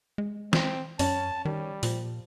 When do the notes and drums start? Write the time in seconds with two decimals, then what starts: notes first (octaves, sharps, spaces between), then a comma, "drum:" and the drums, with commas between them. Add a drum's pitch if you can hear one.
0.18 G#3
0.53 C4, drum: snare
0.99 F#2 C#4 A5, drum: open hi-hat
1.45 D#3 G3
1.83 A#2 F3, drum: open hi-hat